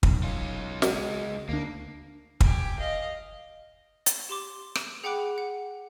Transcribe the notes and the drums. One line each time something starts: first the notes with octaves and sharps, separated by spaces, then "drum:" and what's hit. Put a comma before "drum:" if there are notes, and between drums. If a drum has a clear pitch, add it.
B1, drum: kick
C#4 F4
C#2 G#3, drum: snare
D2 A#3 D4
G4 G#5, drum: kick
D#5 F5
drum: hi-hat
G4 C6 D6
drum: rim click
G#4 F#5 G5 B5 D6 F#6
F#5